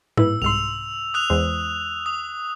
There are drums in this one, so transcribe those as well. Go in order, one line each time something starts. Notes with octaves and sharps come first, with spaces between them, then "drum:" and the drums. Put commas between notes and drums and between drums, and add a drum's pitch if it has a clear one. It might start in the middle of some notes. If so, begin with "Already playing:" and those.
G#2 E4 B4 E6, drum: tom A2
C2 G#2 C6 E6 F7
D#6 F#6 F7
E2 G#3 C5
D#6